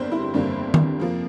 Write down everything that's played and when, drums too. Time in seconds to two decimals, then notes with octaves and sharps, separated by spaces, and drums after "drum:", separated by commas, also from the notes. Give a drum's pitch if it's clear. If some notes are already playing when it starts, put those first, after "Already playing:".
Already playing: G1 F2 G3 A#3 C5
0.12 E4
0.34 G1 F2 D3 G3 A#3
0.74 drum: tom D#3
0.99 F2 C3 F3 A#3